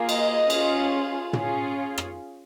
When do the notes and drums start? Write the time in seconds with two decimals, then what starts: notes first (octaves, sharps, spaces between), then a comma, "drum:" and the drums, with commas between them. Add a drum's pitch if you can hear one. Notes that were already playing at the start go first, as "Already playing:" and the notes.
Already playing: A#3 F4 G#4
0.09 D#5, drum: cymbal
0.50 C#4 F4 G#4, drum: cymbal
1.33 C#4 F4 G#4, drum: tom
1.98 drum: rim click